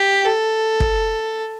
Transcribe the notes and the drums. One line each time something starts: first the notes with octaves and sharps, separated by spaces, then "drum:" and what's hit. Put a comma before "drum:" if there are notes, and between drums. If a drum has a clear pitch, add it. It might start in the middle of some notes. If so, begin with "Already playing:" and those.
Already playing: G4
A4
drum: kick